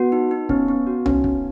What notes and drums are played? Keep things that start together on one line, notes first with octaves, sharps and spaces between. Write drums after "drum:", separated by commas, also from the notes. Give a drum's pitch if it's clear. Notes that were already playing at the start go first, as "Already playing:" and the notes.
Already playing: B3 F#4
D#4
D#4
B3 C#4, drum: kick
B3
F#4
C#4 D#4, drum: tom C2
B3, drum: kick